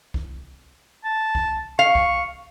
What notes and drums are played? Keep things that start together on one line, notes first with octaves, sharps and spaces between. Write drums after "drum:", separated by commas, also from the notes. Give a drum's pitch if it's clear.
drum: kick C2
A5
drum: kick C2
F5 C#6
drum: kick C2